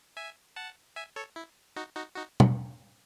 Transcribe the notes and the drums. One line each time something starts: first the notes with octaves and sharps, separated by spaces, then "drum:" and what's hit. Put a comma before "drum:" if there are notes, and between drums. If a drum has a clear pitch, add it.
E5 G#5
F#5 A5
E5 G#5
A4 C#5
E4
D#4 F#4
D#4 F#4
D#4 F#4
drum: tom